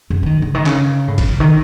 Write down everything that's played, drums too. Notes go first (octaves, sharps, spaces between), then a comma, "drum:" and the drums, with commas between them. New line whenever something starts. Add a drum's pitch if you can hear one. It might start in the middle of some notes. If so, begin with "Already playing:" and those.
F#2
E3
D#3
C#3
D#3
C#3, drum: clap
A2
C3, drum: kick G#1, cymbal
C#3
D#3